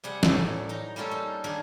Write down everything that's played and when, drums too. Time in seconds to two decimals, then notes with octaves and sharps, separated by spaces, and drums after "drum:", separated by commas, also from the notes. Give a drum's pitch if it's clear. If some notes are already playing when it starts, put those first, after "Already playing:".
0.04 C3 G3 G#4 F#5
0.23 A2 E3 F#3 D5, drum: snare
0.69 D#4 A#5
0.96 G3 A#3 C#4 F4 A4
1.11 D#4
1.44 D#3 A#3 D4 G#4 A#4